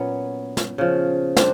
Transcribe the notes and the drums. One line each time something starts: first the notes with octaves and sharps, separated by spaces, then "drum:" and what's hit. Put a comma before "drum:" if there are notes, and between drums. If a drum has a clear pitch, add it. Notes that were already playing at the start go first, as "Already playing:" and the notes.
Already playing: A#2 F#3 B3 C#4
drum: snare
C#3 F3
C4 D4, drum: snare